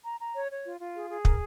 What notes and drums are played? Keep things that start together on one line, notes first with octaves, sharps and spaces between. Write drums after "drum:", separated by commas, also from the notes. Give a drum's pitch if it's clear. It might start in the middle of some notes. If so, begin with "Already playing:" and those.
A#5
A#5
C#5
C#5
F4
F4
G#4
G#4
A#4, drum: kick